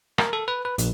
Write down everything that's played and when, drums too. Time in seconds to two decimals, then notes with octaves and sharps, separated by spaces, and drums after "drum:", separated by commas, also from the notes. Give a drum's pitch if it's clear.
0.18 A#4, drum: rim click
0.33 A4
0.48 B4
0.65 B4
0.78 A#1, drum: hi-hat